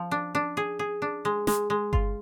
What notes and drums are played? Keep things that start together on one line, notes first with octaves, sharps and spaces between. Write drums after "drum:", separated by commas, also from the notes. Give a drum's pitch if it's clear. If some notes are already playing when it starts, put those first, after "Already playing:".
Already playing: F3
D4
D4
G#4
G#4
D4
G#3
G#3, drum: snare
G#3
F4, drum: kick G1